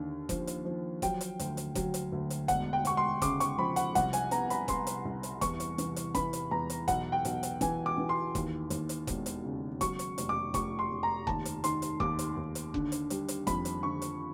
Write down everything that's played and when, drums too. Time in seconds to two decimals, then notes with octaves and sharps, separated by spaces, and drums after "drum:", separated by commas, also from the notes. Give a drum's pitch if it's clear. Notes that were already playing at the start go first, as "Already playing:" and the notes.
Already playing: D#2 D3
0.29 F3, drum: kick F1, hi-hat
0.47 drum: hi-hat
0.65 F3
1.02 F#3 G5, drum: kick F1, hi-hat
1.21 drum: hi-hat
1.39 D2, drum: hi-hat
1.57 drum: hi-hat
1.75 F#3, drum: kick F1, hi-hat
1.94 drum: hi-hat
2.12 D2
2.30 drum: hi-hat
2.48 E1 F#5, drum: kick F1, hi-hat
2.73 G5
2.85 E1 C#6, drum: hi-hat
2.97 C6
3.22 C#3 D6, drum: kick F1, hi-hat
3.40 C#6, drum: hi-hat
3.58 F3 B5
3.76 F#5, drum: hi-hat
3.95 C2 F#5, drum: kick F1, hi-hat
4.13 G#5, drum: hi-hat
4.31 B3 A#5, drum: hi-hat
4.50 B5, drum: hi-hat
4.68 B3 C6, drum: kick F1, hi-hat
4.87 drum: hi-hat
5.05 C2
5.23 drum: hi-hat
5.41 E2 C#6, drum: kick F1, hi-hat
5.60 drum: hi-hat
5.78 E3, drum: hi-hat
5.96 drum: hi-hat
6.15 E3 B5, drum: kick F1, hi-hat
6.33 drum: hi-hat
6.51 E2 A#5
6.70 drum: hi-hat
6.88 B1 F#5, drum: kick F1, hi-hat
7.12 G5
7.25 B1, drum: hi-hat
7.43 drum: hi-hat
7.61 E3 G#5, drum: kick F1, hi-hat
7.86 D6
7.98 E3
8.09 C6
8.35 D#2, drum: kick F1, hi-hat
8.70 D#2, drum: hi-hat
8.89 drum: hi-hat
9.07 E1, drum: kick F1, hi-hat
9.26 drum: hi-hat
9.44 C#3
9.81 F#3 C#6, drum: kick F1, hi-hat
9.99 drum: hi-hat
10.18 F1, drum: hi-hat
10.29 D6
10.54 F1 C#6, drum: kick F1, hi-hat
10.79 C6
10.91 F1
11.03 A#5
11.27 D#2 A5, drum: kick F1
11.45 drum: hi-hat
11.64 D#3 C6, drum: hi-hat
11.82 drum: hi-hat
12.00 D#2 D6, drum: kick F1
12.19 drum: hi-hat
12.37 D#2
12.55 drum: hi-hat
12.74 D3, drum: kick F1
12.92 drum: hi-hat
13.10 G3, drum: hi-hat
13.28 drum: hi-hat
13.47 F2 B5, drum: kick F1, hi-hat
13.65 drum: hi-hat
13.83 D3 C#6
14.02 drum: hi-hat